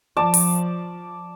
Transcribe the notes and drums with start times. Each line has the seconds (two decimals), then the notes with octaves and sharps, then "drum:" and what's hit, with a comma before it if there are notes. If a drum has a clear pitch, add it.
0.17 F3 D5 A5
0.34 drum: open hi-hat